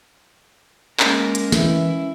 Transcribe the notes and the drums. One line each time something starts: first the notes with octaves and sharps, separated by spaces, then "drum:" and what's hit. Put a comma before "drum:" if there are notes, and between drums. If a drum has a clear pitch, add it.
G#3 A#3 C#4 A#4, drum: clap
drum: hi-hat
E3 E4, drum: snare